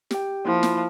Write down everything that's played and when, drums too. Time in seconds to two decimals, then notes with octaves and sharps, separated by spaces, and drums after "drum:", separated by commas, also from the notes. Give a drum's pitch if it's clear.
0.11 G4 G5, drum: snare
0.45 F3 A#3 E4 F4
0.63 drum: snare